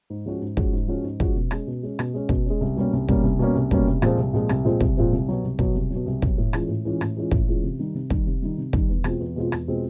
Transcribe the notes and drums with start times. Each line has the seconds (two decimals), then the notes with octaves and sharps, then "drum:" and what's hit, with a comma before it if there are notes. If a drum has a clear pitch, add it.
0.10 G#2
0.26 F3 G#3 C#4 F#4
0.42 G#2
0.57 F3 G#3 C#4 F#4, drum: kick
0.73 G#2
0.88 F3 G#3 C#4 F#4
1.04 G#2
1.20 F3 G#3 C#4 F#4, drum: kick
1.36 B2
1.51 G#3 C#4, drum: rim click
1.67 B2
1.83 G#3 C#4
1.99 B2, drum: rim click
2.14 G#3 C#4
2.29 B2, drum: kick
2.46 G#3 C#4
2.61 C2
2.76 B2 G3 A#3 C#4
2.93 C2
3.09 B2 G3 A#3 C#4, drum: kick
3.24 C2
3.39 B2 G3 A#3 C#4
3.55 C2
3.71 B2 G3 A#3 C#4, drum: kick
3.87 C2
4.02 A#2 F3 G#3 C4, drum: rim click
4.18 C2
4.33 A#2 F3 G#3 C4
4.49 C2, drum: rim click
4.65 A#2 F3 G#3 C4
4.81 C2, drum: kick
4.97 A#2 F3 G#3 C4
5.12 C2
5.29 B2 F#3
5.44 C2
5.59 B2 F#3, drum: kick
5.75 C2
5.90 F#3
5.96 B2
6.06 C2
6.22 B2 F#3, drum: kick
6.38 A2
6.53 E3 G#3 C#4 F4, drum: rim click
6.69 A2
6.85 E3 G#3 C#4 F4
7.01 A2, drum: rim click
7.17 E3 G#3 C#4 F4
7.31 A2, drum: kick
7.47 E3 G#3 C#4 F4
7.63 C3
7.79 D#3 G3
7.95 C3
8.10 D#3 G3, drum: kick
8.26 C3
8.42 D#3 G3
8.58 C3
8.73 D#3 G3, drum: kick
8.89 E2
9.04 B2 G#3 C4 F4, drum: rim click
9.20 E2
9.36 B2 G#3 C4 F4
9.52 E2, drum: rim click
9.68 B2 G#3 C4 F4